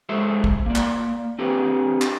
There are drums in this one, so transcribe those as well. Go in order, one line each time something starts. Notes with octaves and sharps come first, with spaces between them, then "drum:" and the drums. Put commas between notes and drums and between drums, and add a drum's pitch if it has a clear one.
G#3 G#4 A4 C5 C#5 E5
drum: kick
A#3 D5
drum: clap
C4 D4 G4 G#4 B4 C#5
drum: clap